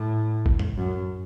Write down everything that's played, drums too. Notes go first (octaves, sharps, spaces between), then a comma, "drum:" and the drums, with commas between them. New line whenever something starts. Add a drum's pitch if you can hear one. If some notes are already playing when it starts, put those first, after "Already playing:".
Already playing: A2
drum: kick G#1
drum: tom E2
F#2